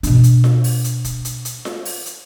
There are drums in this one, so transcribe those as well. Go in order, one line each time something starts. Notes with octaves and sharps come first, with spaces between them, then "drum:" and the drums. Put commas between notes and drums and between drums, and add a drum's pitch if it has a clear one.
B2 D4, drum: hi-hat
drum: hi-hat
drum: snare F4
drum: open hi-hat
drum: hi-hat
drum: kick, hi-hat
drum: hi-hat
drum: hi-hat
drum: snare F4
drum: open hi-hat
drum: hi-hat